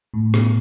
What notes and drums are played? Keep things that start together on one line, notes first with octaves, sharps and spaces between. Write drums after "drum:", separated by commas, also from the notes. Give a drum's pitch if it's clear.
A2
B2, drum: rim click